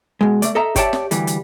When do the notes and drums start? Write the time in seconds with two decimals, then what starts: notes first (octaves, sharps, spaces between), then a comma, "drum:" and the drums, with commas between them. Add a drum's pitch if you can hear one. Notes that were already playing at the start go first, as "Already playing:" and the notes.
0.21 B2 G#3
0.42 A3 D5, drum: hi-hat
0.55 A4 D#5 E5 A#5
0.76 G4 C#5 D5 E5 G5 A5, drum: kick G1, hi-hat
0.93 drum: snare
1.11 D2 E3 G3, drum: hi-hat
1.27 drum: hi-hat